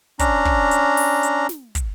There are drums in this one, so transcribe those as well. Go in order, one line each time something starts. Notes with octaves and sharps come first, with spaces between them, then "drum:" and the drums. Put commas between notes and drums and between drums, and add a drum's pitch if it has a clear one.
C#4 D4 A#5, drum: kick, hi-hat
drum: kick
drum: hi-hat
drum: open hi-hat
drum: hi-hat
drum: snare
drum: kick, hi-hat